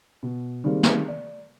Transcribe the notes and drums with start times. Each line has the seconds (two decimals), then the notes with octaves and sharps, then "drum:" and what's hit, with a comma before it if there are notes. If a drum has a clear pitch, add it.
0.23 B2
0.64 D#3 G3 G#3 A#3 C4
0.83 drum: snare
1.08 D5